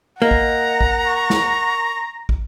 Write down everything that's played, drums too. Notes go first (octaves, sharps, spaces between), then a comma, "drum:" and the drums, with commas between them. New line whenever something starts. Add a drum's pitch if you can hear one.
A#3 D#5 F#5 A#5
drum: kick
drum: kick
C#6
drum: snare
drum: kick